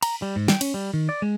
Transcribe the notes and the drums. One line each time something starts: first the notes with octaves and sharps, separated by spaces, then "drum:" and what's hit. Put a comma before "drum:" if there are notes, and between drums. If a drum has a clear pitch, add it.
A#5, drum: cymbal
G3
G#2
G5, drum: snare
C#4, drum: cymbal
G3
D#3
D5
G#3